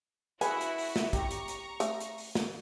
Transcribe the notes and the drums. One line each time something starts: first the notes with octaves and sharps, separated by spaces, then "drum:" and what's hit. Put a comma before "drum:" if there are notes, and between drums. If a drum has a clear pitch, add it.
E4 F#4 G#4 B4 E5 G#5, drum: hi-hat
drum: hi-hat
drum: open hi-hat
drum: snare
G4 A#5 C#6, drum: kick, hi-hat
drum: hi-hat
drum: hi-hat
A3, drum: hi-hat
drum: hi-hat
drum: open hi-hat
drum: snare